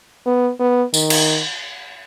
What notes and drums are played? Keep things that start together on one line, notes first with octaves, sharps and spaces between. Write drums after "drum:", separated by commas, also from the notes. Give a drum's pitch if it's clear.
B3
B3
D#3, drum: tambourine
drum: cymbal